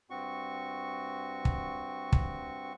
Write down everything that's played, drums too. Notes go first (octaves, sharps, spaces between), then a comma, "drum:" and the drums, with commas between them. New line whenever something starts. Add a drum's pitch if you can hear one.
G2 C4 F#4 C#6
drum: kick
drum: kick